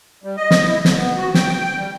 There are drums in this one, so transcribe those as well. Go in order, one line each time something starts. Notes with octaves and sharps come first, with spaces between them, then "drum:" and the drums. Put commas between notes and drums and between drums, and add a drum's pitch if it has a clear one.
G3
D#5
drum: snare
E4
D3, drum: snare
B3
F#4
G5, drum: snare
G5
G3